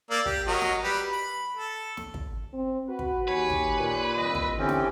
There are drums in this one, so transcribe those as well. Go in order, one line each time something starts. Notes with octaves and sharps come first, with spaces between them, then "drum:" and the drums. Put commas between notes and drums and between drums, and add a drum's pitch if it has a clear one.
A#3 D5 E6
G4, drum: kick
F#3 A#4 D#5
drum: snare
G3 G4 B4
B5
A4
drum: snare
drum: kick
C4
F#4 B4
drum: kick
D#2 G4 B4 C#5 G#5
drum: kick
A#2
C2 D#3 C4 D#5
drum: kick
C2 D3 E3 C4 C#4 G4 G5
drum: snare